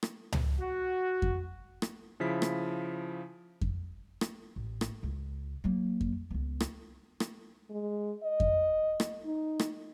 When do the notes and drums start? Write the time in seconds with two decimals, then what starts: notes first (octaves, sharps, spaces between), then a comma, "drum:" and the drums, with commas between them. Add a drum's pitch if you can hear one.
0.03 drum: rim click
0.32 drum: tom C#2
0.59 F#4
1.22 drum: kick F2
1.82 drum: rim click
2.20 C#3 F3 E4 B6
2.42 drum: rim click
3.61 drum: kick F2
4.21 drum: rim click
4.56 A1
4.81 drum: rim click
5.03 C#2
5.64 F#3 A#3
6.01 drum: kick F2
6.31 C#2 B3
6.60 drum: rim click
7.20 drum: rim click
7.70 G#3
8.23 D#5
8.40 drum: kick F2
9.00 drum: rim click
9.25 D#4
9.59 drum: rim click